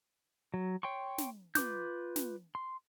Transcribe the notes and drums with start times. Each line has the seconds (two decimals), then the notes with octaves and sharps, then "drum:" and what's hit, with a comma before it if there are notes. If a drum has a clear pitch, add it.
0.54 F#3
0.83 C#5 G5 C6 C#6
1.18 drum: snare
1.55 F4 B4 D6 G6, drum: snare
2.16 drum: snare
2.55 C6